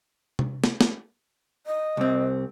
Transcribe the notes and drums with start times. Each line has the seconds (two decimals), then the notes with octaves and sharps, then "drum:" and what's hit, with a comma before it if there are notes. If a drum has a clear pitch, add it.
0.39 drum: tom C3
0.64 drum: snare
0.81 drum: snare
1.67 D#5
1.97 C2 C4